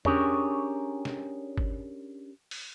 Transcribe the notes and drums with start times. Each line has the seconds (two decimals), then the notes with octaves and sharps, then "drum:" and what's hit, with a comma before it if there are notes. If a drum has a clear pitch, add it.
0.05 C#4 D4 G4 G#4 A#4 C#5, drum: tom E2
1.05 drum: snare
1.58 drum: kick G1
2.51 drum: open hi-hat